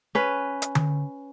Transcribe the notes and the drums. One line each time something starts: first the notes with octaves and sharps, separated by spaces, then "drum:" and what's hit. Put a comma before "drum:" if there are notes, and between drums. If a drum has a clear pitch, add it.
C#4 B4
drum: hi-hat
drum: tom D3